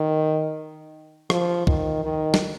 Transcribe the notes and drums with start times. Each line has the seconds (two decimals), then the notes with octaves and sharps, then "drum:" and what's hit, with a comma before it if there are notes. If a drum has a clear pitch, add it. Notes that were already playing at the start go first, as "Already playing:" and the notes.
Already playing: D#3
1.30 F3, drum: rim click
1.67 D#3, drum: kick
2.04 D#3
2.34 drum: snare